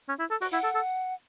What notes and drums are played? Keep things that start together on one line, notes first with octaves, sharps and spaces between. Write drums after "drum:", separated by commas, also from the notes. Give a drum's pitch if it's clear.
C#4
E4
A4
F#4, drum: open hi-hat
E4 F#5
A4
A4